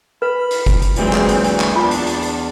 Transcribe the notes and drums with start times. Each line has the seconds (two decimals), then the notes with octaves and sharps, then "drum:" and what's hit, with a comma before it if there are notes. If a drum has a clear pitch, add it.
0.22 B4 B5
0.51 drum: hi-hat
0.66 drum: kick F#1, hi-hat
0.82 drum: hi-hat
0.96 D2 A#2 E3 F#3 G#3 C4, drum: hi-hat
1.13 drum: clap
1.29 drum: hi-hat
1.44 drum: hi-hat
1.60 drum: clap
1.76 E2 D4 F4
1.91 drum: hi-hat
2.07 drum: hi-hat
2.22 drum: hi-hat